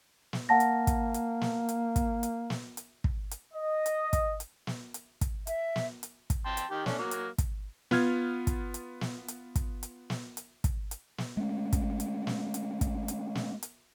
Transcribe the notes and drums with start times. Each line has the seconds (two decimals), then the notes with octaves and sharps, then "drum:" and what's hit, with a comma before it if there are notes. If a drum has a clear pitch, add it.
0.33 drum: snare
0.49 A#3 F#5 A5 A#6
0.60 drum: hi-hat
0.87 drum: kick, hi-hat
1.14 drum: hi-hat
1.41 drum: snare
1.69 drum: hi-hat
1.96 drum: kick, hi-hat
2.23 drum: hi-hat
2.50 drum: snare
2.77 drum: hi-hat
3.04 drum: kick
3.31 drum: hi-hat
3.54 D#5
3.86 drum: hi-hat
4.13 drum: kick, hi-hat
4.40 drum: hi-hat
4.67 drum: snare
4.94 drum: hi-hat
5.21 drum: kick, hi-hat
5.47 E5, drum: hi-hat
5.76 drum: snare
6.03 drum: hi-hat
6.30 drum: kick, hi-hat
6.46 G5 A5 C6
6.57 drum: hi-hat
6.71 D#3 G4
6.86 A3 C#4 D4, drum: snare
6.99 F#3 A#3
7.11 drum: hi-hat
7.38 drum: kick, hi-hat
7.91 B3 F4 F6 G#6, drum: snare
8.47 drum: kick, hi-hat
8.74 drum: hi-hat
9.01 drum: snare
9.28 drum: hi-hat
9.56 drum: kick, hi-hat
9.83 drum: hi-hat
10.10 drum: snare
10.37 drum: hi-hat
10.64 drum: kick, hi-hat
10.91 drum: hi-hat
11.18 drum: snare
11.37 G#3 A3 C#4
11.73 drum: kick, hi-hat
12.00 drum: hi-hat
12.27 drum: snare
12.54 drum: hi-hat
12.81 drum: kick, hi-hat
13.08 drum: hi-hat
13.35 drum: snare
13.63 drum: hi-hat